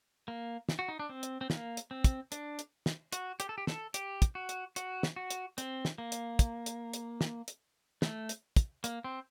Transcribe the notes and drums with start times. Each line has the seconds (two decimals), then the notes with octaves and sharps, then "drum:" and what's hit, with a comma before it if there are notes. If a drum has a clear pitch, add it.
0.28 A#3
0.69 drum: snare
0.79 F#4
0.88 D#4
1.00 D4
1.09 C4
1.23 drum: hi-hat
1.41 C4
1.50 A#3, drum: snare
1.77 drum: hi-hat
1.91 C4
2.04 drum: kick, hi-hat
2.32 D4, drum: hi-hat
2.59 drum: hi-hat
2.86 drum: snare
3.13 F#4, drum: hi-hat
3.40 G4, drum: hi-hat
3.49 A4
3.58 G4
3.67 A4, drum: snare
3.94 G4, drum: hi-hat
4.22 drum: kick, hi-hat
4.35 F#4
4.49 drum: hi-hat
4.76 F#4, drum: hi-hat
5.03 drum: snare
5.16 F#4
5.30 drum: hi-hat
5.58 C4, drum: hi-hat
5.85 drum: snare
5.98 A#3
6.12 drum: hi-hat
6.39 drum: kick, hi-hat
6.66 drum: hi-hat
6.93 drum: hi-hat
7.21 drum: snare
7.48 drum: hi-hat
8.02 A3, drum: snare
8.29 drum: hi-hat
8.56 drum: kick, hi-hat
8.84 A#3, drum: hi-hat
9.04 C4